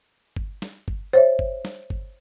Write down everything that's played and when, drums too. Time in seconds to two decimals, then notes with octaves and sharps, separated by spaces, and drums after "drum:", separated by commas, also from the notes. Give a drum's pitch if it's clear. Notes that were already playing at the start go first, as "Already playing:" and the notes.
0.36 drum: kick G1
0.62 drum: snare
0.88 drum: kick G1
1.13 C5 C#5 E5
1.39 drum: kick G1
1.65 drum: snare
1.90 drum: kick G1